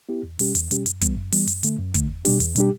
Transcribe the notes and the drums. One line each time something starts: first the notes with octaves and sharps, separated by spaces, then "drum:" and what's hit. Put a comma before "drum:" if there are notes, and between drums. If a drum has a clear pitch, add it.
B3 E4 G4
E2
B2 G3 C#4 G4, drum: open hi-hat
E2, drum: hi-hat
B2 G3 C#4 G4, drum: hi-hat
F#2, drum: hi-hat
E3 G3 B3, drum: kick, hi-hat
F#2
E3 G3 B3, drum: open hi-hat
F#2, drum: hi-hat
D3 A3, drum: hi-hat
F#2
D3 A3, drum: kick, hi-hat
E2
B2 G3 D4 G4, drum: open hi-hat
E2, drum: hi-hat
B2 G3 D4 G4, drum: hi-hat